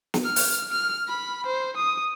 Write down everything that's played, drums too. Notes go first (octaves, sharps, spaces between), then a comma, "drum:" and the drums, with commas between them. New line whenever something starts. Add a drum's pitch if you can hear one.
drum: snare
F6
drum: open hi-hat
F6
B5
C5
D#6